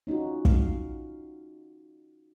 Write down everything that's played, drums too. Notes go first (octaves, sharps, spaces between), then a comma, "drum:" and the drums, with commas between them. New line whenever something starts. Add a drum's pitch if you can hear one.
C#4 D#4 F4 F#4
F5, drum: kick